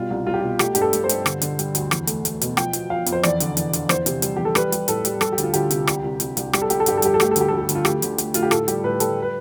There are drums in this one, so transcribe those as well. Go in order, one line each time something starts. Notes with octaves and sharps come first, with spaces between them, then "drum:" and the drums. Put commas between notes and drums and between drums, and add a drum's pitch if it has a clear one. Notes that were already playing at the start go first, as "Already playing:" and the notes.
Already playing: B2 G3 F4
C2
C2 F4
G4
B2 F4
A3 G4, drum: rim click
G2 G4, drum: hi-hat
A4
G2, drum: hi-hat
C5
G2, drum: hi-hat
D3, drum: rim click
D3, drum: hi-hat
G3, drum: hi-hat
D2, drum: hi-hat
E2, drum: rim click
A3, drum: hi-hat
A3, drum: hi-hat
B2, drum: hi-hat
F3 G5, drum: rim click
F3, drum: hi-hat
F3 F5
F2, drum: hi-hat
C5
E2 D5, drum: rim click
D3, drum: hi-hat
E2, drum: hi-hat
D3, drum: hi-hat
E2 C5, drum: rim click
C3, drum: hi-hat
G3, drum: hi-hat
E2 G4
A4
G3 B4, drum: rim click
G3, drum: hi-hat
A2 A4, drum: hi-hat
G3, drum: hi-hat
G3 A4, drum: rim click
G4
D2, drum: hi-hat
F4
D2 G4, drum: hi-hat
C3, drum: hi-hat
C2, drum: rim click
C2
C2, drum: hi-hat
C2, drum: hi-hat
G3 G4, drum: rim click
A4
G3 G4, drum: hi-hat
A4
G2 G4, drum: hi-hat
A4
G3 G4, drum: hi-hat
A4
A3 G4, drum: rim click
A4
D2, drum: hi-hat
G4
D2 A4
G4
D2, drum: hi-hat
F4
A3 G4, drum: rim click
D3, drum: hi-hat
A3, drum: hi-hat
A3 F4, drum: hi-hat
G4
A2 A4, drum: rim click
G3 G4, drum: hi-hat
A2 B4
G3 A4, drum: hi-hat
B4